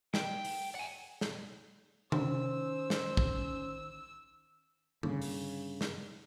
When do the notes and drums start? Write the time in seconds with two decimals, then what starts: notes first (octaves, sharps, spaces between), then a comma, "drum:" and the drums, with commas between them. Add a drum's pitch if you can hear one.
0.14 G5, drum: snare
0.45 drum: open hi-hat
0.75 F#5 G#5
1.21 drum: snare
2.12 D#3 C#4 C5 E6, drum: tom C3
2.90 drum: snare
3.17 drum: kick
5.03 G2 C#3, drum: tom D3
5.22 drum: open hi-hat
5.81 drum: snare